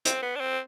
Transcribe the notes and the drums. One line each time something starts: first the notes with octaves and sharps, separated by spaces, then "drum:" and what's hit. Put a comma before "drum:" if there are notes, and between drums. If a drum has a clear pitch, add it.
C4, drum: hi-hat
B3
D4
C4